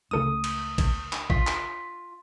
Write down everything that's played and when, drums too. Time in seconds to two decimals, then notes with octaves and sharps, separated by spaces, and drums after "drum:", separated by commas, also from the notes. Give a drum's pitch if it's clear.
0.11 C#2 C#3 A3 C#4 A4 D#6 D#7
0.44 drum: cymbal
0.78 drum: kick A1, cymbal
1.13 drum: clap
1.30 F4 B6, drum: kick A1
1.47 drum: clap